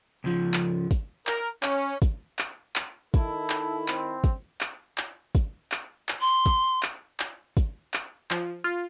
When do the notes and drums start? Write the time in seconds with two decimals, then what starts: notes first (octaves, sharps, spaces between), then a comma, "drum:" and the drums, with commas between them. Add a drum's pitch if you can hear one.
0.24 C#2 F3
0.54 drum: clap
0.91 drum: kick, hi-hat
1.27 A#4, drum: clap
1.63 C#4, drum: clap
2.02 drum: kick, hi-hat
2.39 drum: clap
2.76 drum: clap
3.14 D#3 E4 A4, drum: kick, hi-hat
3.50 drum: clap
3.88 C4, drum: clap
4.24 drum: kick, hi-hat
4.61 drum: clap
4.98 drum: clap
5.35 drum: kick, hi-hat
5.72 drum: clap
6.09 drum: clap
6.21 C6
6.46 drum: kick, hi-hat
6.83 drum: clap
7.20 drum: clap
7.57 drum: kick, hi-hat
7.94 drum: clap
8.31 F3, drum: clap
8.64 F4